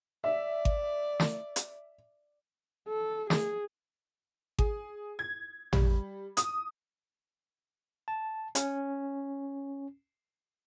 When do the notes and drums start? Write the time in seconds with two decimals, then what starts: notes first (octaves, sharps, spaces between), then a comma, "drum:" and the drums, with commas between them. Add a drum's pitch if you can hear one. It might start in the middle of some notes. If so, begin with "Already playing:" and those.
0.24 D5 E5
0.65 drum: kick G#1
1.20 drum: snare
1.56 drum: hi-hat
2.88 A4
3.30 G#4, drum: snare
4.59 G#4, drum: kick G#1
5.19 G#6
5.73 G3, drum: tom
6.37 D#6, drum: hi-hat
8.08 A5
8.55 C#4, drum: hi-hat